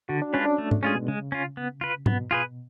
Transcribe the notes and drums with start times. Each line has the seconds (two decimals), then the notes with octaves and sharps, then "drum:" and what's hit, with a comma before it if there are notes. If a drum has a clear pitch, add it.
0.09 D3 F#4
0.22 D4
0.33 G#3 C#4 D4 F4 B4
0.46 D4
0.58 A3
0.71 A3, drum: tom G#2
0.82 G#3 C#4 F4 G#4
0.95 B2
1.08 C#3 G#3
1.32 C#4 F4
1.57 B3
1.81 F4 B4
2.06 B2 B3, drum: tom G#2
2.31 F4 G#4 B4